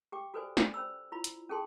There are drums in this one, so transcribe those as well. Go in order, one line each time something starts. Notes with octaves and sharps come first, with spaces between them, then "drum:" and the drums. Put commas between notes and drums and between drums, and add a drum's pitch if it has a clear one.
G4 G5 D6
F#4 A4 B4 C5 D5 G#5
D5 G#5, drum: snare
C#4 C5 B5 E6
E4 F4 B5
drum: hi-hat
C#4 G#4 A4 G5 A5 C6